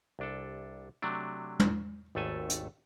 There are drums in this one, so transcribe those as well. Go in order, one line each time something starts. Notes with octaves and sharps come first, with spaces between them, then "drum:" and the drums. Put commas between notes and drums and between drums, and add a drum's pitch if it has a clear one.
C2 D4 A4
C3 F#3 A3 D4
drum: tom
G#1 D#2 A3 A4 G#5
drum: hi-hat